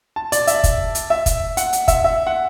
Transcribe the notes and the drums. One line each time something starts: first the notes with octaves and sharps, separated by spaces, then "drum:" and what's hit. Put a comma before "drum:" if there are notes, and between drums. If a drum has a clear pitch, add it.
A5
D5, drum: hi-hat
E5, drum: hi-hat
drum: kick, hi-hat
drum: hi-hat
E5
drum: kick, hi-hat
F#5, drum: hi-hat
drum: hi-hat
E5, drum: kick, hi-hat
E5
F#5